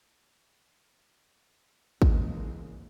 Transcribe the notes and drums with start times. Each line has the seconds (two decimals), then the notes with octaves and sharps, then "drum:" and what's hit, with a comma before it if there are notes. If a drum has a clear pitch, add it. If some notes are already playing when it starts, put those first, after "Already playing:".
2.02 C#3 E3 G#3 A#3, drum: kick